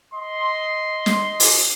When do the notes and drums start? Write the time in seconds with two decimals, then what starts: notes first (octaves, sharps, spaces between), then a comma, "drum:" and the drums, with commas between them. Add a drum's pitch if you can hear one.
0.13 D#5 C6
1.06 drum: snare
1.40 drum: open hi-hat